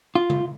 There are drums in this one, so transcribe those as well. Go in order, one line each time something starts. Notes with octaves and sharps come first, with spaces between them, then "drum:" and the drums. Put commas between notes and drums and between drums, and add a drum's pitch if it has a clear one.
F4
drum: tom C#3